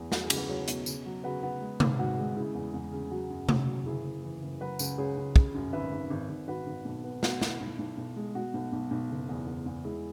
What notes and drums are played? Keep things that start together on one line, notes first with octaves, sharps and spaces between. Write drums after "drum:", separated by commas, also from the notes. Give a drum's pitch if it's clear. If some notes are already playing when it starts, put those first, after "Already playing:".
Already playing: E2
F#3 F#4, drum: snare
E4 G#4
C#2, drum: cymbal
F#4 B4
F#3 G#4 C#5
B2, drum: hi-hat
C#3, drum: tambourine
F#3
C#3 F#4 B4
B3
G#3
G#1, drum: tom C3
G#2 F#4
G#3
C#3 E4
E2
E2
C#3
F#3 F#4
F#2
C#3, drum: tom C3
F#3
F#1 E4 G#4
F#1
E3
F#1
F#3 F#4 B4
C#2, drum: tambourine
C#2 G#4 C#5
C#2
C#3, drum: kick
F#2
G#1 B4 E5
G#1
G#1
G#1
G#1 F#4 B4
G#1
B1
B3
B2 F#4, drum: snare
B2 E4, drum: snare
B1 E4
B1
B1
G#3
B2 F#4
B1
B1
B1
F#1
E2
E2
E2
G#3 E4 G#4